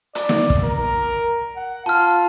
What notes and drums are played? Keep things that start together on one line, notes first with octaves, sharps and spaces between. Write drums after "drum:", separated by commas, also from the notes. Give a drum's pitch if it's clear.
D5, drum: hi-hat
drum: snare
drum: kick
A#4
F#5
F4 A5 F6